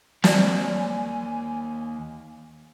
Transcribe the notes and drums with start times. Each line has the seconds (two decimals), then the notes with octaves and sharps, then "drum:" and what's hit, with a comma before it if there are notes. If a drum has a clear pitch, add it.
0.24 D#2 F#4 D5 G#5, drum: snare